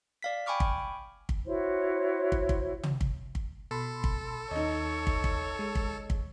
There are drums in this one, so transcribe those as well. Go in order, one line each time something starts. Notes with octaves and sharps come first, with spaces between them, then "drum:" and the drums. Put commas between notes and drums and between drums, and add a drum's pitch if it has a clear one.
D5 F5 B6
G5 G#5 B5 C#6 D6 F6
drum: kick
drum: kick
E4 F#4 C5 C#5
drum: kick
drum: kick
drum: tom
drum: kick
drum: kick
B2 A4 B5 C6
drum: kick
D#2 D#4 C#5 D#5
drum: kick
drum: kick
G#3
drum: kick
drum: kick